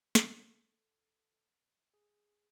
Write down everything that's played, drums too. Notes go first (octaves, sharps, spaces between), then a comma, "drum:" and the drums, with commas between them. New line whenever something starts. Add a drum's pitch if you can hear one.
A4, drum: snare
G#4